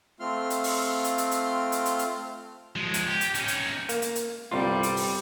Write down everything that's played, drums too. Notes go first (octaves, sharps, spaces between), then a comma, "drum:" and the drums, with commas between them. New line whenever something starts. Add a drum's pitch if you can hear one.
A3 C4 F4 C6 F6
drum: hi-hat
drum: open hi-hat
drum: hi-hat
drum: hi-hat
drum: hi-hat
drum: hi-hat
drum: hi-hat
drum: hi-hat
F3 G#3
drum: hi-hat
G4
drum: hi-hat
C#4 D#4, drum: hi-hat
drum: hi-hat
A#3, drum: hi-hat
drum: hi-hat
drum: hi-hat
G1 C2 G3 F4
drum: hi-hat
drum: open hi-hat